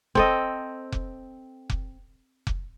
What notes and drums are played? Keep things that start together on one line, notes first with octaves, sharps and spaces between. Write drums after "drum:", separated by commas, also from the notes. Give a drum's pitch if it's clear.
C4 A4 D#5, drum: kick F1
drum: kick F1
drum: kick F1
drum: kick F1